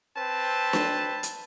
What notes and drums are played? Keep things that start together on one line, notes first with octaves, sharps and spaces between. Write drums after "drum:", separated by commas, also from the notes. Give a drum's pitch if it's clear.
C4 B4 A5
drum: snare D4
drum: hi-hat